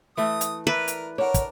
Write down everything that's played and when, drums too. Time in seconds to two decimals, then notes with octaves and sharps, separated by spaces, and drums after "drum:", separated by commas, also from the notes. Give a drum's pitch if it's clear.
0.17 E3 A3 A4 D#6
0.41 drum: hi-hat
0.67 E4 A#4 B4 D5
0.88 drum: hi-hat
1.18 D4 A#4 C#5 F#5
1.34 drum: kick, hi-hat